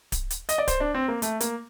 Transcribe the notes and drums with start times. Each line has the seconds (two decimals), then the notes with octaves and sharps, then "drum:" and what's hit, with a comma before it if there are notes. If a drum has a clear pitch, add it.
0.12 drum: kick D1, hi-hat
0.30 drum: hi-hat
0.49 D#5, drum: hi-hat
0.58 D5
0.68 C5, drum: kick D1, hi-hat
0.80 D4
0.94 C4
1.08 A#3
1.22 A3, drum: hi-hat
1.40 A#3, drum: hi-hat